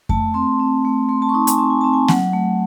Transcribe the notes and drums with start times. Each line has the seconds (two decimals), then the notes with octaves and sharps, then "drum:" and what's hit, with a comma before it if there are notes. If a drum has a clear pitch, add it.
0.09 A3 A5, drum: kick F2
0.34 C4 C6
0.60 C4
0.85 A3
1.09 A3 C6
1.22 A5
1.29 C#6
1.34 D#4 C6
1.47 G#5, drum: hi-hat
1.58 C4 A5
1.70 G#5
1.81 C4 A5
1.93 G#5
2.08 F#3 F#5, drum: snare A#3
2.33 A3